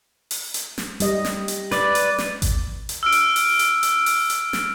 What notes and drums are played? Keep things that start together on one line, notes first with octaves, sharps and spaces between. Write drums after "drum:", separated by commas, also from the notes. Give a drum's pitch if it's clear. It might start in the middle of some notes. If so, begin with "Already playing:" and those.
drum: open hi-hat
drum: hi-hat
drum: snare
G3 D#5, drum: hi-hat
drum: snare
drum: hi-hat
B4 D5, drum: snare
drum: hi-hat
drum: snare
drum: kick G#1, hi-hat
drum: hi-hat
E6 F6 D7
drum: hi-hat
drum: open hi-hat
drum: hi-hat
drum: hi-hat
drum: open hi-hat
drum: hi-hat
drum: snare